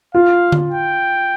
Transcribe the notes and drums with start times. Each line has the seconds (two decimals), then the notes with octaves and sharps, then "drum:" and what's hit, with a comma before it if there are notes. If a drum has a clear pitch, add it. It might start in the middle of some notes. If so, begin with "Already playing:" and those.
0.14 F4 F5
0.52 drum: tom D3
0.71 G5